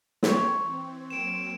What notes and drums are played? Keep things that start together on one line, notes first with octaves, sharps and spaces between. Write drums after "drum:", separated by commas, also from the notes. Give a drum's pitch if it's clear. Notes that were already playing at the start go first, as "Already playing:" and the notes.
E3 C4 C5 C#5, drum: snare
F#3 A#3 C4 D7 E7